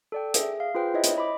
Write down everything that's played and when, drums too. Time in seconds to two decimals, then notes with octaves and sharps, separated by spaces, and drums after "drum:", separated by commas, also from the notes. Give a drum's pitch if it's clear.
0.12 A4 D5 G5
0.34 G#4 E5, drum: hi-hat
0.60 F5
0.75 F4 G#4 B4 C5 G5
0.94 E4 C5 C#5 D#5 E5
1.04 drum: hi-hat
1.16 D#5 B5 D6